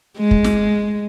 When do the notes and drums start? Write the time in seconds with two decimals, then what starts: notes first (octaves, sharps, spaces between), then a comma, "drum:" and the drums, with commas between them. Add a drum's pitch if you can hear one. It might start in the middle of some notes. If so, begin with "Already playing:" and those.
0.18 G#3
0.31 drum: kick
0.44 drum: snare